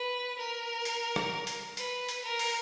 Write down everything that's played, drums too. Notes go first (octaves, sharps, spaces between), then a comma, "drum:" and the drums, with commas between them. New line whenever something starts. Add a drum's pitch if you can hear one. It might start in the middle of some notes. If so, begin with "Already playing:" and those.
Already playing: B4
A#4
drum: hi-hat
drum: rim click
drum: hi-hat
B4, drum: hi-hat
drum: hi-hat
A#4
drum: open hi-hat